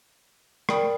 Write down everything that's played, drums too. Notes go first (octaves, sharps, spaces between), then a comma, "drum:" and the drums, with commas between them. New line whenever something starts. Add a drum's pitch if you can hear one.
A#4 D5 G5 B5 D#6, drum: rim click